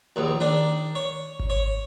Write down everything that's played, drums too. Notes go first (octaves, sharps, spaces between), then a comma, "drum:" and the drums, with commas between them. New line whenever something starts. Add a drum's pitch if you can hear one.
A#1 D#2
D#3 D4
C#5
drum: kick G#1
C#5